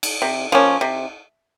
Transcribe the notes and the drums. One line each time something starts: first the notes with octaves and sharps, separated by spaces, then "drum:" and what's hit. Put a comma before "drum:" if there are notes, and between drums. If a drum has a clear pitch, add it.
drum: cymbal
C3
F3 A#3 C#4
C3